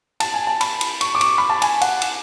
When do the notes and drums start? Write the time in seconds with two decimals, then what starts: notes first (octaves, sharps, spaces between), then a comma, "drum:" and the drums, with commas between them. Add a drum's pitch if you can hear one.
0.20 A5, drum: cymbal
0.34 G#5
0.47 A5
0.61 B5, drum: cymbal
0.81 drum: cymbal
1.01 C#6, drum: cymbal
1.15 D6
1.21 C#6, drum: cymbal
1.38 B5
1.50 A5
1.62 G#5, drum: cymbal
1.81 F#5, drum: cymbal
2.02 drum: cymbal